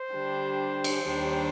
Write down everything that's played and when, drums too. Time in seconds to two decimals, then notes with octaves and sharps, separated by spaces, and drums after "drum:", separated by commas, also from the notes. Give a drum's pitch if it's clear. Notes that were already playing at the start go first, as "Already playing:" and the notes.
Already playing: C5
0.13 D3 G3 D4 G4
0.84 drum: cymbal
1.05 D#2 D#3 G3 D4 G4